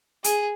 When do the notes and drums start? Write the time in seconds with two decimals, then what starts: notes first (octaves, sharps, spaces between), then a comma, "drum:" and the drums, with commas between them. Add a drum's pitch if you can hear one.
0.24 G#4, drum: hi-hat